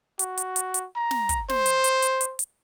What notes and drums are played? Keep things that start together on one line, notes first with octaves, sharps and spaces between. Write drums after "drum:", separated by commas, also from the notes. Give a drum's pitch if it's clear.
F#4, drum: hi-hat
drum: hi-hat
drum: hi-hat
drum: hi-hat
A#5
drum: snare
drum: kick, hi-hat
C5, drum: snare
drum: hi-hat
drum: hi-hat
drum: hi-hat
drum: hi-hat
drum: hi-hat